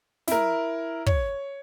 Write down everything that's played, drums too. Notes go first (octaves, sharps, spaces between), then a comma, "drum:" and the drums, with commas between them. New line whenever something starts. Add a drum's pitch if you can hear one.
E4 A#4, drum: snare
C#5, drum: kick